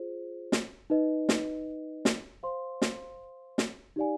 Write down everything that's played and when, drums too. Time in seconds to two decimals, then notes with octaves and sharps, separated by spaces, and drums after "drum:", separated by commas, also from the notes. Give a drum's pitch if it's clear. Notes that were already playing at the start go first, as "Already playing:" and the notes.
Already playing: F4 G#4 C5
0.52 drum: snare
0.90 D#4 B4 D#5
1.29 drum: snare
2.05 drum: snare
2.43 C5 F5 C6
2.82 drum: snare
3.58 drum: snare
3.96 D#4 G4 D5 F5 G#5